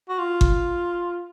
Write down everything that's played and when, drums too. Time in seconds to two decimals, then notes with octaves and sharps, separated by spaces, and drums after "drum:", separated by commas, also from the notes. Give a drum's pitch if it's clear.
0.09 F#4
0.19 F4
0.41 drum: kick G1